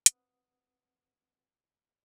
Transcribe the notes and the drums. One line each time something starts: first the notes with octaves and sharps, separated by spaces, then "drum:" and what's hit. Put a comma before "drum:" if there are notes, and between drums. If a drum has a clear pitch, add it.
C4 B4 F#5 D#6, drum: hi-hat